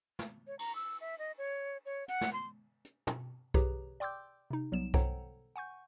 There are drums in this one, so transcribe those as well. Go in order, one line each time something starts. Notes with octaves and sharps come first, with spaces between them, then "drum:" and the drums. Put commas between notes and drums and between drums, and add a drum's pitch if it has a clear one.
drum: snare
C#5
A#5, drum: cymbal
E6
E5
D#5
C#5
C#5
F#5, drum: hi-hat
drum: snare
C6
drum: hi-hat
drum: tom
G4 G#4 B4 C#5 A#5, drum: kick B1
D5 G5 C6 D6 E6 G6
C3 D#4
B1 F#3 G3 B3 E7
A4 C5 C#5 F#5 G5 A#5, drum: kick B1
F#5 G#5 C#6 G6